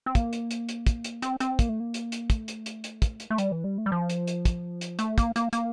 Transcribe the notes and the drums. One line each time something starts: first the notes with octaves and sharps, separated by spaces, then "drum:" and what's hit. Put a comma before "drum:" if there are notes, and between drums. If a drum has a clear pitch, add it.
C4
A#3, drum: kick, hi-hat
drum: hi-hat
drum: hi-hat
drum: hi-hat
drum: kick, hi-hat
drum: hi-hat
C4, drum: hi-hat
C4, drum: hi-hat
A#3, drum: kick, hi-hat
A3
A#3
drum: hi-hat
drum: hi-hat
A3, drum: kick, hi-hat
drum: hi-hat
drum: hi-hat
drum: hi-hat
drum: kick, hi-hat
drum: hi-hat
A3
G3, drum: hi-hat
E3
G3
A3
G3
F3
drum: hi-hat
drum: hi-hat
drum: kick, hi-hat
drum: hi-hat
A3, drum: hi-hat
A#3, drum: kick, hi-hat
A#3, drum: hi-hat
A#3, drum: hi-hat